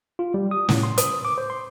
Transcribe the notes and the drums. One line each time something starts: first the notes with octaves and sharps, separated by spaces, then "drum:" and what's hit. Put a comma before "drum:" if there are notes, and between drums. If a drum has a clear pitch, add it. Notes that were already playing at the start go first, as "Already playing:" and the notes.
F4
G3
D#6
A2, drum: snare
C6
D#6, drum: hi-hat
D6
C5
C6